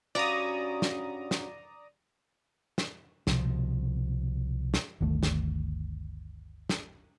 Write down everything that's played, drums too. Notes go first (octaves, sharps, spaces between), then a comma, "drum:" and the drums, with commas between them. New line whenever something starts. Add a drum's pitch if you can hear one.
G2 C#4 F#4 D5 A#5 D#6
drum: snare
drum: snare
drum: snare
C2 B2 F3, drum: snare
drum: snare
G1 D2 D#3 A3
drum: snare
drum: snare